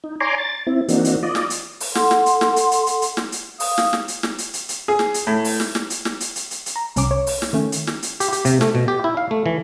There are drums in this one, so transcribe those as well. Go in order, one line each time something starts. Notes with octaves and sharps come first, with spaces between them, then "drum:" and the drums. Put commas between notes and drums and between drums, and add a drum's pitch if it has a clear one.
D#4
C#5 D5 G#5 A#5 C6 D6
A6
C4 E4
E3 A#3 C4 D4 D#4 F#4, drum: hi-hat
drum: hi-hat
F4 D5 D#5
drum: snare
drum: hi-hat
drum: open hi-hat
A4 F#5 C6, drum: snare
drum: snare
drum: hi-hat
drum: snare
drum: hi-hat
drum: hi-hat
drum: hi-hat
drum: hi-hat
drum: snare
drum: hi-hat
F5 D#6, drum: open hi-hat
drum: snare
drum: snare
drum: hi-hat
drum: snare
drum: hi-hat
drum: hi-hat
drum: hi-hat
G#4
drum: snare
drum: hi-hat
A2
drum: open hi-hat
drum: snare
drum: snare
drum: hi-hat
drum: snare
drum: hi-hat
drum: hi-hat
drum: hi-hat
drum: hi-hat
A#5
C2 C#4 D6, drum: hi-hat
C#5
drum: open hi-hat
drum: snare
D#3 A3 C#4
drum: hi-hat
drum: snare
drum: hi-hat
G4, drum: hi-hat
G4, drum: hi-hat
C3, drum: hi-hat
A3, drum: snare
B2
G4
E4
F5
A3
E3